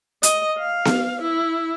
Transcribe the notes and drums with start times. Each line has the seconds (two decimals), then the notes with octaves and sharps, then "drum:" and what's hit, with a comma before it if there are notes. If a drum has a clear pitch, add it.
0.23 D#5, drum: hi-hat
0.59 F5
0.85 drum: snare B3
1.22 E4